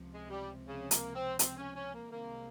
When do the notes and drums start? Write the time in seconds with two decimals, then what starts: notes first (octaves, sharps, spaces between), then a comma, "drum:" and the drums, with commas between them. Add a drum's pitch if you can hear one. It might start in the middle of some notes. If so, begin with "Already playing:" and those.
Already playing: C#2 C3 F3
0.13 G#3
0.31 G3
0.67 C#3
0.91 A#3, drum: hi-hat
1.15 C4
1.39 C4, drum: hi-hat
1.57 C#4
1.75 C#4
1.94 A#3
2.11 C2 C3 D#3 G#3 A#3 C4